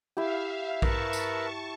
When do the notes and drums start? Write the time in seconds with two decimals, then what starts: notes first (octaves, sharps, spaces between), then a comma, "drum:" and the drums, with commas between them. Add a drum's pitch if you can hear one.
0.17 E4 G4 E5 F5
0.82 A#4 B4 E5 A5 C#6, drum: kick A#1
1.13 drum: tambourine